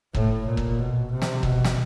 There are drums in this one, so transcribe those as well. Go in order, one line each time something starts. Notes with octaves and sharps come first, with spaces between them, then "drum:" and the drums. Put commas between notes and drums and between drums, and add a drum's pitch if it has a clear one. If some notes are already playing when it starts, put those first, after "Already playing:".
A2, drum: kick
A#2
drum: kick
B2
C3
drum: snare
B2, drum: kick
drum: snare